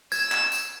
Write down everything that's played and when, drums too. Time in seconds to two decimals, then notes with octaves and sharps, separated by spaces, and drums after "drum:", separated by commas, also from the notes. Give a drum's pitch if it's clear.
0.12 E6 G#6 E7, drum: tambourine
0.32 drum: clap
0.52 drum: tambourine